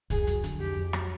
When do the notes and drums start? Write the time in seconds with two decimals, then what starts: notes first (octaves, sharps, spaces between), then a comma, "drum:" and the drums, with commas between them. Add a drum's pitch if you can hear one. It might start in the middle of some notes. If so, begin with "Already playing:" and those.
0.10 F2 G#4, drum: kick C2, hi-hat
0.27 F#3, drum: hi-hat
0.44 D3, drum: hi-hat
0.60 F2 G4
0.77 F2
0.93 F#3, drum: rim click